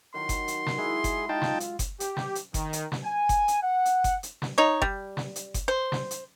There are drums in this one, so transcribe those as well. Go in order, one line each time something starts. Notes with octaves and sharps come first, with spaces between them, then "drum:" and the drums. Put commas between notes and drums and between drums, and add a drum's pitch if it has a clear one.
D#3 F#3 C6
drum: kick F#1, hi-hat
drum: hi-hat
drum: snare
G#3 E4 G#4
drum: kick F#1, hi-hat
D#4 F4 G5 A5
drum: snare
drum: hi-hat
drum: kick F#1, hi-hat
G4, drum: hi-hat
drum: snare
drum: hi-hat
D#3, drum: kick F#1, hi-hat
drum: hi-hat
drum: snare
G#5
drum: kick F#1, hi-hat
drum: hi-hat
F#5
drum: hi-hat
drum: kick F#1, hi-hat
drum: hi-hat
drum: snare
D#4 C#5
G3, drum: kick F#1
drum: snare
drum: hi-hat
drum: kick F#1, hi-hat
C5
drum: snare
drum: hi-hat